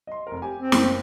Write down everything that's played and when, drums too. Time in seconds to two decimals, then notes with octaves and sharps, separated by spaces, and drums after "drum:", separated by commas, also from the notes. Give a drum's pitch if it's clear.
0.07 D#5 C6
0.27 F1 A#4
0.42 G4 G#5
0.59 C4
0.72 F#1, drum: snare